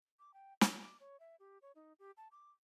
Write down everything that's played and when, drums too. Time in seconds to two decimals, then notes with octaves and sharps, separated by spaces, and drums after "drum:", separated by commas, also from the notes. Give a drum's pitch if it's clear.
0.19 D6
0.34 G5
0.61 C#5, drum: snare
0.83 D6
1.00 C#5
1.20 E5
1.40 G4
1.62 C#5
1.75 D#4
1.99 G4
2.17 A5
2.32 D6